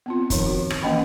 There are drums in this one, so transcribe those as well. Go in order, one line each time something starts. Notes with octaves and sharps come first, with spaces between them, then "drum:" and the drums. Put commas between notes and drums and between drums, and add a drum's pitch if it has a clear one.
B3 C4 F4
D#3 F3 D#4, drum: kick, hi-hat
F#4
drum: rim click
E3 A#3 C#4 D#5 G5 B5